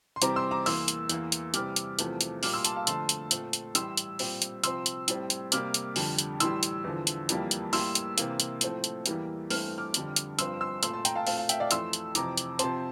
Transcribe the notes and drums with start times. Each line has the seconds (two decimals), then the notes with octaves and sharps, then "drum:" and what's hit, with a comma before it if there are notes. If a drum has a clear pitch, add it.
0.16 C6
0.22 C3 E3 G3 C4 A#5 D6, drum: hi-hat
0.36 C6 E6
0.51 A#5 D6
0.66 E2 E3 A#3 C6 E6, drum: open hi-hat
0.88 drum: hi-hat
1.09 E2 E3 A#3, drum: hi-hat
1.32 drum: hi-hat
1.54 C3 E3 G3 D6 F6, drum: hi-hat
1.76 drum: hi-hat
1.99 E2 C3 F3 A3, drum: hi-hat
2.21 drum: hi-hat
2.43 A#2 G3 A#3 D6 F6, drum: open hi-hat
2.54 C6 E6
2.65 A5 C6, drum: hi-hat
2.76 F5 A5
2.87 F2 D3 F3 A3 A5 C6, drum: hi-hat
3.09 drum: hi-hat
3.31 A#2 A3 C4, drum: hi-hat
3.53 drum: hi-hat
3.75 A2 E3 G3 C6 E6, drum: hi-hat
3.97 drum: hi-hat
4.19 A#2 G3 C4, drum: open hi-hat
4.42 drum: hi-hat
4.64 C3 F3 C4 C6 E6, drum: hi-hat
4.86 drum: hi-hat
5.08 A2 G3 C4, drum: hi-hat
5.30 drum: hi-hat
5.52 C3 G3 A#3 D6 F6, drum: hi-hat
5.74 drum: hi-hat
5.96 F2 D3 G3, drum: open hi-hat
6.19 drum: hi-hat
6.40 A2 E3 G3 C6 E6, drum: hi-hat
6.63 drum: hi-hat
6.84 E2 D3 F3
7.07 drum: hi-hat
7.29 F2 E3 G3 A#3, drum: hi-hat
7.51 drum: hi-hat
7.73 A2 G3 A#3 C6 E6, drum: open hi-hat
7.95 drum: hi-hat
8.18 C3 E3 A#3, drum: hi-hat
8.40 drum: hi-hat
8.61 A2 F3 A3 C4, drum: hi-hat
8.84 drum: hi-hat
9.06 E2 E3 G3 A#3, drum: hi-hat
9.50 G2 E3 A3 C4 F6, drum: open hi-hat
9.78 D6 F6
9.94 F2 D3 G3, drum: hi-hat
10.16 drum: hi-hat
10.39 G2 F3 C4 C6 E6, drum: hi-hat
10.61 C6 E6
10.83 A#2 A3 C4 C6 E6, drum: hi-hat
10.93 A5 C6
11.05 G5 A#5, drum: hi-hat
11.15 F5 A5
11.27 A#2 A3 C4 F5 A5, drum: open hi-hat
11.37 F5 A5
11.49 E5 G5, drum: hi-hat
11.60 D5 F5
11.71 F2 E3 A3 C6 E6, drum: hi-hat
11.93 drum: hi-hat
12.15 F2 C3 E3 A#5 D6, drum: hi-hat
12.37 drum: hi-hat
12.59 C3 F3 C4 A5 C6, drum: hi-hat